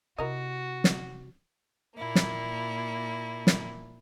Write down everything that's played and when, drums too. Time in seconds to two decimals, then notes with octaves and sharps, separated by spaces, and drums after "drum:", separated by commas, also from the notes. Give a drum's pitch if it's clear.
0.18 C3 E4 F#4 A#4 D#5
0.84 drum: snare
1.97 A#2 A#3 E4
2.15 drum: snare
3.47 drum: snare